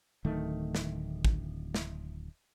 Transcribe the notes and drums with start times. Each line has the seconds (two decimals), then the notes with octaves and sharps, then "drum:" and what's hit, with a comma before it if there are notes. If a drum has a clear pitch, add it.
0.25 D1 D#3 A3
0.75 drum: snare
1.25 drum: kick
1.75 drum: snare